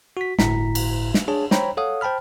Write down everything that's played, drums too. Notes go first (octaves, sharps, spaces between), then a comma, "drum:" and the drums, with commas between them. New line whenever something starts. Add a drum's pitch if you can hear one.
F#4 B6
G1 A2 E4 A#5 B6, drum: snare
drum: cymbal
drum: snare
D4 G#4 C#5 A5
C5 C#5 G5 A#5 B5, drum: snare
A4 C#5 F5 F#5 D#6
C5 G5 A5 B5 F6